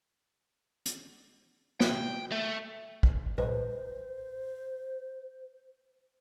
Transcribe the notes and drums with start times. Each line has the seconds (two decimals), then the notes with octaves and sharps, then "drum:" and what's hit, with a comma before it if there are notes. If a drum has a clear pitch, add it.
0.86 drum: hi-hat
1.80 G5, drum: snare
2.32 A3
3.03 drum: kick
3.38 B4 C5, drum: tom A#2